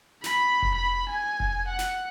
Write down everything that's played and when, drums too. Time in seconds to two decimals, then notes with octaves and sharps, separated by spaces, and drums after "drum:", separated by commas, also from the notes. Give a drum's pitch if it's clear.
0.24 B5, drum: snare
0.62 drum: kick F1
0.74 B5
1.09 G#5
1.40 drum: kick F1
1.68 F#5
1.79 drum: snare